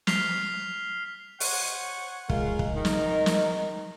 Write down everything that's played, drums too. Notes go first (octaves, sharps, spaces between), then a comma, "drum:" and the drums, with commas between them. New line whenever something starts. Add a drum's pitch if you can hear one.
F6 B6 C7 F7 G7, drum: snare
C5 C#5 F#5, drum: open hi-hat
G#3 F4 A#4 F5, drum: kick
drum: kick
D#3 D#4 A#4
drum: snare
drum: snare